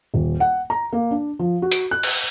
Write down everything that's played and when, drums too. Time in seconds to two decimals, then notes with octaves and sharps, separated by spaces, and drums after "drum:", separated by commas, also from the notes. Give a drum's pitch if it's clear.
0.14 D#1
0.40 F#5
0.70 A#5
0.93 A#3
1.11 D4
1.39 F3
1.62 F#4
1.72 drum: hi-hat
1.91 F#6
2.03 drum: cymbal